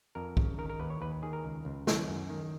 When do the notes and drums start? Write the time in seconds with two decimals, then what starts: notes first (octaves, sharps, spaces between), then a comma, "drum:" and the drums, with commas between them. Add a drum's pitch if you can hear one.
0.15 F2 A#4
0.37 C#3, drum: kick
0.58 D#3 A#4
0.69 A#4
0.80 D#2 B4
0.90 C#5
1.01 D#2 B4
1.22 D#3 G#4
1.33 A#4
1.44 C#2
1.65 C#2
1.87 D#3 C#5, drum: snare
2.08 F#2
2.29 D#3